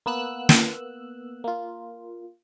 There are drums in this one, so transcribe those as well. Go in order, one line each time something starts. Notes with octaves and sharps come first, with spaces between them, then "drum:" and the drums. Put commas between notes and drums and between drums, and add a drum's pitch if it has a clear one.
A#3 B3 E6 F#6
drum: snare
A#3 F4